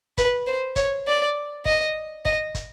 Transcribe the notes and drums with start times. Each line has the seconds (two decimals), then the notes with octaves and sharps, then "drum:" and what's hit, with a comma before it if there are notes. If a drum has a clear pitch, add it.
0.18 B4, drum: kick, hi-hat
0.47 C5
0.76 C#5, drum: kick, hi-hat
1.07 D5
1.65 D#5, drum: kick
2.25 D#5, drum: kick
2.55 drum: kick, hi-hat